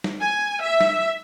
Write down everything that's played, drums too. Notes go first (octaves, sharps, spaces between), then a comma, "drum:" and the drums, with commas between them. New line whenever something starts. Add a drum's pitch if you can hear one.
drum: snare
G#5
E5
drum: snare